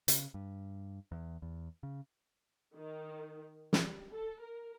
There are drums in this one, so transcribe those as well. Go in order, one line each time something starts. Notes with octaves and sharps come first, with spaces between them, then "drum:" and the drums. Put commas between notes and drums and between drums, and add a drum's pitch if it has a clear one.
C#3, drum: hi-hat
G2
E2
E2
C#3
D#3
G3, drum: snare
A4
A#4